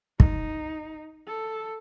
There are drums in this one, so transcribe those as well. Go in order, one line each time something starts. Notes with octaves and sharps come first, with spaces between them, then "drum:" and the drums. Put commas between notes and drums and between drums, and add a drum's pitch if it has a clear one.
D#4, drum: kick
A4